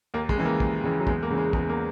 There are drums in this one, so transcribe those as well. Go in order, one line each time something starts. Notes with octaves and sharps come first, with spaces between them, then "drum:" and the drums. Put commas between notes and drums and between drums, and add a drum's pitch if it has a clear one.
D#2 A#3
G#3, drum: kick
C#3 E3
A#3
D#2, drum: kick
C#3 E3
F#3
E2 G#3, drum: kick
A#3
C#3 E3
G#3
E2 G#3, drum: kick
A#3